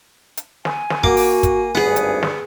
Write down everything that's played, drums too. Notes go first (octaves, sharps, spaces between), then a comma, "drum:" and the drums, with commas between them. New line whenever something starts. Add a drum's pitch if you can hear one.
drum: hi-hat
G#5, drum: snare
drum: snare
A#3 F#4 D6, drum: kick
drum: open hi-hat
drum: kick, hi-hat
G#1 D2 G2 B3 G#4 F#5
drum: hi-hat
drum: snare